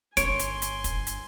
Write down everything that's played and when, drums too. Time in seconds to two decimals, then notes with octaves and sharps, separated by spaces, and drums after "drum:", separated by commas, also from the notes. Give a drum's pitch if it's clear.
0.17 G1 C#5 G#5 C6 D7, drum: kick, hi-hat
0.39 drum: hi-hat
0.62 drum: hi-hat
0.84 drum: kick, hi-hat
1.07 drum: hi-hat